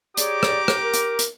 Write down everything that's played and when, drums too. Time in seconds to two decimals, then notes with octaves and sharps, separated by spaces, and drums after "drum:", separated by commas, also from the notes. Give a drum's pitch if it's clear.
0.17 G4 G#4 C#5 D5 A#5 D6, drum: hi-hat
0.43 drum: rim click
0.68 drum: rim click
0.82 A#4
0.93 drum: hi-hat
1.19 drum: hi-hat